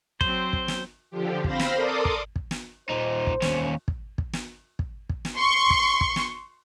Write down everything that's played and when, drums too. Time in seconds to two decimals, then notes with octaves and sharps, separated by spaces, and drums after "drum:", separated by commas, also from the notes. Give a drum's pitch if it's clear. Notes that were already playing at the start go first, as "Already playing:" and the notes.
0.21 F#3 C4 C5, drum: kick
0.53 drum: kick
0.68 drum: snare
1.11 D3 F3 G4
1.44 C4 C5 F5 B5 C6 A#6, drum: kick
1.60 drum: snare
1.73 A4 A#4 D5 C6 D6 D#6
2.05 drum: kick
2.36 drum: kick
2.51 drum: snare
2.89 A#2 D#4 C5
3.27 drum: kick
3.42 D#2 C#4, drum: snare
3.88 drum: kick
4.18 drum: kick
4.33 drum: snare
4.79 drum: kick
5.09 drum: kick
5.25 drum: snare
5.36 C6 C#6
5.70 drum: kick
6.01 drum: kick
6.16 drum: snare